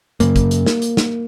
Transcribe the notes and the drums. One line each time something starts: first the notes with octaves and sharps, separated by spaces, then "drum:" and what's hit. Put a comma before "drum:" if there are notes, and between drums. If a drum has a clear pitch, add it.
F#2 C#3 A#3, drum: hi-hat
drum: kick, hi-hat
drum: hi-hat
drum: snare
drum: hi-hat
drum: snare